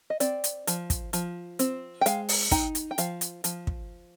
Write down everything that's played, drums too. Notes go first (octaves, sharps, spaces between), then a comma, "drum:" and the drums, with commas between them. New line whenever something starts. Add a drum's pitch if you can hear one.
D#5
C4 D5, drum: hi-hat
drum: hi-hat
F3, drum: hi-hat
drum: kick, hi-hat
F3, drum: hi-hat
C4, drum: hi-hat
G5
G#3 F5, drum: hi-hat
drum: open hi-hat
D#4 G5, drum: kick, hi-hat
drum: hi-hat
G5
F3 F5, drum: hi-hat
drum: hi-hat
F3, drum: hi-hat
drum: kick